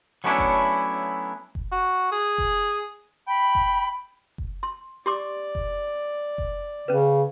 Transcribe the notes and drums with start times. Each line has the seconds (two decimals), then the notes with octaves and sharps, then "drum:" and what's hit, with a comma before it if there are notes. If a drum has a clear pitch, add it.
0.24 F#3 A3 B3 C#4 D4 E4
0.38 drum: kick F#1
1.55 drum: kick F#1
1.72 F#4
2.12 G#4
2.38 drum: kick F#1
3.28 G5 B5
3.55 drum: kick F#1
4.38 drum: kick F#1
4.63 C6
5.06 G4 D5 C6 D6
5.55 drum: kick F#1
6.38 drum: kick F#1
6.88 C#3 C#4 B4